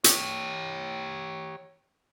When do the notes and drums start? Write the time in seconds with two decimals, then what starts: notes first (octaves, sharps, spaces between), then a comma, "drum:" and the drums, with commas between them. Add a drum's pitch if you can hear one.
0.04 G4 C#5, drum: hi-hat